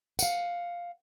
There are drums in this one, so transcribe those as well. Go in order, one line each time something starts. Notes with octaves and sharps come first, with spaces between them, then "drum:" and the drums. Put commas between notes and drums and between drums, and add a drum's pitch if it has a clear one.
F5 F#5, drum: tambourine